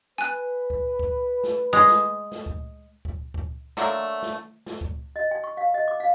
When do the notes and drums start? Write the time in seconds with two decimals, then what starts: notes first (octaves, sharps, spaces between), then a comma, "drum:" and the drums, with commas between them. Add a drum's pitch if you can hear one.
0.18 B4 G#5 F#6
0.70 drum: kick C#2
0.99 drum: kick C#2
1.43 drum: snare
1.73 G#3 D#6
1.88 drum: snare
2.32 drum: snare
2.46 drum: kick C#2
3.05 drum: kick C#2
3.34 drum: kick C#2
3.77 D3 F#3 A3 A#3, drum: snare
4.22 drum: snare
4.66 drum: snare
4.81 drum: kick C#2
5.16 D#5
5.31 G5
5.44 C#6
5.57 F5
5.74 D#5
5.88 D6
6.00 F5